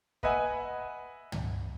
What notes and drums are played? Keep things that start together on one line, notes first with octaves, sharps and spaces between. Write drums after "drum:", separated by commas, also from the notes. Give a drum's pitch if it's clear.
B4 D#5 E5 F#5 G#5, drum: kick
drum: tom